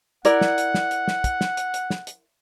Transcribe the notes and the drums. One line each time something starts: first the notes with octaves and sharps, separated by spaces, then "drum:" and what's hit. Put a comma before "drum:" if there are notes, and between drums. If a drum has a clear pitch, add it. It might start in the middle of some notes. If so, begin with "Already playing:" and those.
E4 A#4 D5 F#5, drum: hi-hat
drum: snare
drum: hi-hat
drum: snare
drum: hi-hat
drum: snare
drum: kick, hi-hat
drum: snare
drum: hi-hat
drum: hi-hat
drum: snare
drum: hi-hat